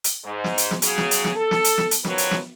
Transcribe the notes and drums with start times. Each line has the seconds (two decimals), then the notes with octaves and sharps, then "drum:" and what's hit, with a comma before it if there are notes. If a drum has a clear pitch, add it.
0.04 drum: hi-hat
0.24 G#2
0.44 drum: snare
0.58 drum: hi-hat
0.71 drum: snare
0.82 C#3 F#3 G#4, drum: hi-hat
0.98 drum: snare
1.11 drum: hi-hat
1.24 drum: snare
1.36 A4
1.51 drum: snare
1.64 drum: hi-hat
1.78 drum: snare
1.91 drum: hi-hat
2.05 F#2 D#3 F3 F#3 B4 C#5, drum: snare
2.18 drum: hi-hat
2.31 drum: snare